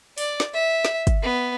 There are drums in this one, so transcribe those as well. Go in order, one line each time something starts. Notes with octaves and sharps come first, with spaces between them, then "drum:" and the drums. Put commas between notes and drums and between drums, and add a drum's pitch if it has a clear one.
D5, drum: open hi-hat
drum: snare
E5
drum: snare
drum: kick, hi-hat
B3